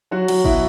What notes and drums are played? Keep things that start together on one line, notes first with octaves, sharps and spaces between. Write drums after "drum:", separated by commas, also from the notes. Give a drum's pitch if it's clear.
F#3 F#4
F#3, drum: cymbal
B2 E4, drum: kick G1